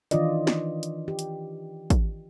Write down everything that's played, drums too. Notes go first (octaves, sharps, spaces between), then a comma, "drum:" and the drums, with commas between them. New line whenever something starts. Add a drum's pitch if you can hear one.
D#3 E3 D4 F4 D5 D#5, drum: hi-hat
drum: snare
drum: hi-hat
G4
drum: hi-hat
drum: kick, hi-hat